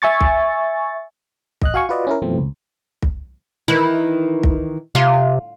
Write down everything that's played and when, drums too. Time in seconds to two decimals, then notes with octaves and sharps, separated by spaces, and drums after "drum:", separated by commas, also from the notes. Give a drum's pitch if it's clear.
0.02 E5 G#5 C#6 A6
0.21 drum: kick
1.61 A1 D#5 F#6, drum: kick
1.74 F#4 F5 G#5 C#6
1.89 F4 F#4 B4 D5 D#5
2.07 C#4 E4 A#4
2.22 F#2 B2 E3 F3 A3 C4
2.38 C#2
3.02 drum: kick
3.68 D#3 E3 E4
4.43 drum: kick
4.95 C3 F4